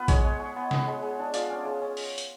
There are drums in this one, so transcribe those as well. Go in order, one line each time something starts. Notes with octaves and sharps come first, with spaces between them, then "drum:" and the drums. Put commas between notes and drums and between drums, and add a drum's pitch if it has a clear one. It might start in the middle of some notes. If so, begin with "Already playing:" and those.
Already playing: B3 F4 B4
G#3 C#5, drum: kick A1, hi-hat
G#3
G#3
B3
B3, drum: snare C3
G#3
G#3
D4
F4 D5, drum: hi-hat
C#4
G#3
C#4
drum: open hi-hat
drum: hi-hat